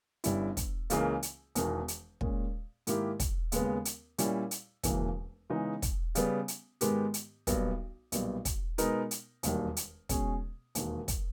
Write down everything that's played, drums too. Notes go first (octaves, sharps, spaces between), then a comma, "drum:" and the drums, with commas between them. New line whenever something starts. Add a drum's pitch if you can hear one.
G1 G2 G3 C#4 E4, drum: hi-hat
drum: kick, hi-hat
C#2 C#3 E3 A#3, drum: hi-hat
drum: hi-hat
E1 E2 D#3, drum: hi-hat
drum: hi-hat
A#2 G#3 C#4 G#4, drum: kick
G#2 D#3 A#3 E4 G4, drum: hi-hat
drum: kick, hi-hat
D#2 C#3 G#3 B3, drum: hi-hat
drum: hi-hat
A#2 G3 C#4 E4, drum: hi-hat
drum: hi-hat
E1 D#2 C#3 E3 A#3, drum: kick, hi-hat
C#3 E3 G#3 B3 D#4
drum: kick, hi-hat
C#3 G3 B3, drum: hi-hat
drum: hi-hat
G#2 D#3 G#3 B3 G4, drum: hi-hat
drum: hi-hat
B1 A#2 G3 B3, drum: kick, hi-hat
B1 A#2 G3 B3, drum: hi-hat
drum: kick, hi-hat
B2 G#3 B3 D#4 A#4, drum: hi-hat
drum: hi-hat
E1 D#2 D#3 G3, drum: hi-hat
drum: hi-hat
B2 G#3 C#4 G#4, drum: kick, hi-hat
E1 D#2 D#3, drum: hi-hat
drum: kick, hi-hat